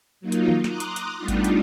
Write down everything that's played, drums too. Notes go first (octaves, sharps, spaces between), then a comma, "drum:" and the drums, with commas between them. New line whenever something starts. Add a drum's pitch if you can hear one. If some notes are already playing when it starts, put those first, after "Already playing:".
F#3 A#3 D#4 F4
drum: hi-hat
drum: tom D#3
A#5 C6 D6 D#6 F#6, drum: snare
drum: hi-hat
drum: hi-hat
G3 A3 B3 D4 D#4 F4
drum: kick G#1, hi-hat
drum: hi-hat